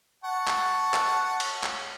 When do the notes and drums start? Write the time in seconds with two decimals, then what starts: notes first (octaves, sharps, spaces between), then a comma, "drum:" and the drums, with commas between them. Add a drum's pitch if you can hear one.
0.24 F#5 A5 C#6
0.47 drum: clap
0.94 drum: clap
1.40 drum: cymbal
1.63 drum: clap